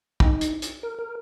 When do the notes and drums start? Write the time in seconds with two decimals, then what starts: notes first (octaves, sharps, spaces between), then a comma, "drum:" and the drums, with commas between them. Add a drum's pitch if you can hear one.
0.20 D#4, drum: kick
0.41 drum: hi-hat
0.62 drum: hi-hat
0.83 A#4
0.99 A#4